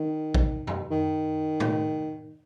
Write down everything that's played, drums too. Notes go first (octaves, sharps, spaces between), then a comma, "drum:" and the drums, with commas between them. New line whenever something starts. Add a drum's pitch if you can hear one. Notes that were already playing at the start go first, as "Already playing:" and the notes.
Already playing: D#3
drum: kick A1
drum: tom F#2
D#3
drum: tom A2